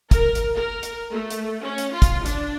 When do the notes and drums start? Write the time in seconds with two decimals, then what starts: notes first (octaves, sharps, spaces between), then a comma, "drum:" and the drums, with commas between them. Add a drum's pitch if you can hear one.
0.11 A#4, drum: kick, hi-hat
0.35 drum: hi-hat
0.56 A#4
0.83 drum: hi-hat
1.11 A3
1.30 drum: hi-hat
1.63 C#4
1.78 drum: hi-hat
1.92 F4
2.02 drum: kick, hi-hat
2.26 D4, drum: hi-hat